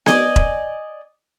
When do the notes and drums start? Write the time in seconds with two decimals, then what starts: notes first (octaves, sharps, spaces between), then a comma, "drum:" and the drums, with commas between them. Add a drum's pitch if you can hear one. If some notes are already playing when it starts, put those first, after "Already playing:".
0.06 D5 D#5 G#5, drum: snare B3
0.36 drum: kick E1